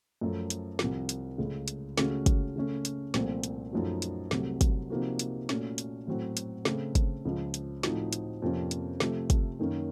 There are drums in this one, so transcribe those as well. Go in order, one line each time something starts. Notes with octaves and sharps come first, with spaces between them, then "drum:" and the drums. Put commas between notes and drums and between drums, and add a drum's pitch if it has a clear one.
F#2 F3 A3
drum: hi-hat
C2 C3 F3, drum: snare
drum: hi-hat
C#2 C#3 A3
drum: hi-hat
C#2 C#3 A3 C#4 F#4, drum: snare
drum: kick, hi-hat
C#3 A3 C#4
drum: hi-hat
C2 A#2 F3 A3 C4, drum: snare
drum: hi-hat
F#2 F3 A3 D#4 F#4
drum: hi-hat
C2 C3 F#3 A3, drum: snare
drum: kick, hi-hat
C3 F3 A#3 D#4 F#4
drum: hi-hat
A#2 A3 C#4 F#4, drum: snare
drum: hi-hat
A2 F#3 C4 F#4
drum: hi-hat
C#3 A3 C4, drum: snare
drum: kick, hi-hat
C#2 C#3 F3
drum: hi-hat
A2 F3 C4 D#4 F#4, drum: snare
drum: hi-hat
F2 C3 F3 A#3 C#4
drum: hi-hat
C3 F3 A3, drum: snare
drum: kick, hi-hat
F#2 D#3 A#3 C#4